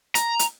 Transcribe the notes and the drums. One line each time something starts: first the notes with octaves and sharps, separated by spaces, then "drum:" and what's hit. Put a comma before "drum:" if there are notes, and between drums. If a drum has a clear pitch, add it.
A#5, drum: hi-hat
drum: hi-hat